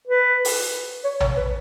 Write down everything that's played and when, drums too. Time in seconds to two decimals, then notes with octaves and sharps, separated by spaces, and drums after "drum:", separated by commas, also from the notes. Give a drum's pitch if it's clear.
0.07 B4
0.45 drum: open hi-hat
1.04 C#5
1.20 C#5, drum: tom A#1
1.37 B4